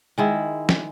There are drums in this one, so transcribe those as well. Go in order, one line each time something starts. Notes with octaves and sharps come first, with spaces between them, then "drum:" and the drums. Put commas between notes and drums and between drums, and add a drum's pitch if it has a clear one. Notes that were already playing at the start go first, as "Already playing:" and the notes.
D#3 G#3 E4
drum: snare